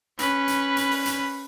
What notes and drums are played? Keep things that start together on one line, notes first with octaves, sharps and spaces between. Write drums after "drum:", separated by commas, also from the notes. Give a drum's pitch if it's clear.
C#4 B4, drum: hi-hat
drum: hi-hat
drum: hi-hat
drum: open hi-hat
drum: hi-hat